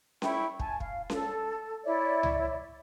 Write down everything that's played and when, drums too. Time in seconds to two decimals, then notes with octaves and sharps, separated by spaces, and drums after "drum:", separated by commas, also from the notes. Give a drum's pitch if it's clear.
0.22 E4 G5 C#6, drum: snare C#4
0.60 G#5 A5, drum: kick
0.80 F5, drum: kick
1.10 A4, drum: snare C#4
1.85 E4 C#5 D5 E5
2.23 drum: tom C#2